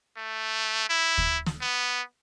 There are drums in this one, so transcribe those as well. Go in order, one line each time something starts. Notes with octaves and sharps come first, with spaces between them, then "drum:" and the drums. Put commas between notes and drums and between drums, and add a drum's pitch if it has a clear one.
A3
E4
drum: kick
drum: snare
B3